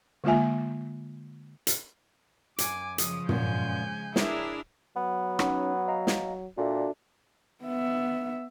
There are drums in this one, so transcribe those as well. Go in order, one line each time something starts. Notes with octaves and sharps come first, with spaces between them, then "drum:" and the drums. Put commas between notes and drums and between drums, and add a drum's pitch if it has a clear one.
D3 G#3 A#3 F4 E5 G#5
drum: hi-hat
F#2 G#5 D6, drum: hi-hat
C#3 F3 G#3 D#6, drum: hi-hat
F#2 A#2 C#4 G#5 G6, drum: tom
D4 E4 G#4 A#4 C#5, drum: snare
F#3 B3
C#4 D#4 C#5, drum: rim click
D#5 F5 A#5
drum: snare
A#2 D4 F#4 A4 E5
B3 E5